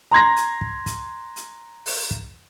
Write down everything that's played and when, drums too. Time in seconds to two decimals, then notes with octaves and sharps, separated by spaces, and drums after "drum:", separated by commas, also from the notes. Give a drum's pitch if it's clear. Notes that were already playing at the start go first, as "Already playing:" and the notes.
0.11 A#5 C6 G#6 A#6
0.36 drum: hi-hat
0.61 drum: kick
0.86 drum: kick, hi-hat
1.36 drum: hi-hat
1.86 drum: open hi-hat
2.11 drum: kick